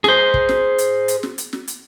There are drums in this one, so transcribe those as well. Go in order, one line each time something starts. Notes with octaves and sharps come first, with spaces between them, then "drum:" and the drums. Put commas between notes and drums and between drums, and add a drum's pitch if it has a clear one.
G#4 C5, drum: snare
drum: kick
drum: snare
drum: hi-hat
drum: hi-hat
drum: snare
drum: hi-hat
drum: snare
drum: hi-hat